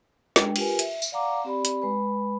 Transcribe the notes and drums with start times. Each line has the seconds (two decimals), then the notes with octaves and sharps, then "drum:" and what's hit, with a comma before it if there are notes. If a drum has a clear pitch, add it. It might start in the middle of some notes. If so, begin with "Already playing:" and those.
0.36 G#3 D4 G5, drum: snare
0.56 F4 G4 A#4 B4 G#5, drum: cymbal
0.79 E5, drum: hi-hat
1.02 drum: tambourine
1.12 D5 F5 F#5 A#5 D6
1.44 C4 G4 D5 B5
1.65 drum: hi-hat
1.82 G#3 B4 B5